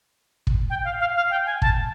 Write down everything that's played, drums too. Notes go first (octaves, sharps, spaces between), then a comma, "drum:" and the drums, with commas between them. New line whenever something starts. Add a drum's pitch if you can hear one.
drum: kick
G5
F5
F5
F5
G5
G#5
A5, drum: kick